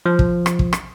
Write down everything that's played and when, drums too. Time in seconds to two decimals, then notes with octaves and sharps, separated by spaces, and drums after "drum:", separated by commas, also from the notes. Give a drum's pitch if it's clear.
0.06 F3
0.19 drum: kick
0.46 drum: rim click
0.59 drum: kick
0.73 drum: rim click